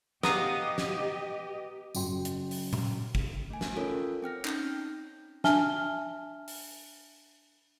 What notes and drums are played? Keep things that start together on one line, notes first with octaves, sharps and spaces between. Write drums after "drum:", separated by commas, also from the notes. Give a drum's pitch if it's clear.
B3 G4 D#5 F5 A#5 D#6, drum: snare
drum: snare
F#1 F#2 F#4 G5 C6, drum: tambourine
drum: hi-hat
drum: open hi-hat
drum: tom A#2
drum: kick
A3 G#5
drum: snare
C#4 F4 A4 A#4 C#5
C4 G5 F6 A#6
C#4 D#4 G6, drum: clap
D4 E5 G#5 A5 F6 G7, drum: snare
drum: open hi-hat